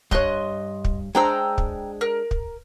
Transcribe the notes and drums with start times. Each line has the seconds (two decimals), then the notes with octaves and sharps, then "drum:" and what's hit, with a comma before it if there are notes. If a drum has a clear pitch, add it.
0.11 G2 C#5 D#5 C6 F#6, drum: kick
0.84 drum: kick
1.15 G#3 D4 C5 G5 A#5 E6
1.58 drum: kick
2.01 A#4
2.31 drum: kick